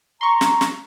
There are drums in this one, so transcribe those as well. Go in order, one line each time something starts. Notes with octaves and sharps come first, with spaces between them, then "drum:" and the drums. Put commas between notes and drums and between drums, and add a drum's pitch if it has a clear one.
A#5 C6 C#6
drum: snare
drum: snare